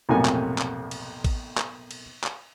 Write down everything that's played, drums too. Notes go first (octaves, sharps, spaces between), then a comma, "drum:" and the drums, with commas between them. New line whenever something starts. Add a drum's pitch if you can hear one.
B1 F2 A2 C3 A#3 G#5
drum: clap
drum: clap
drum: cymbal
drum: kick A1, cymbal
drum: clap
drum: cymbal
drum: clap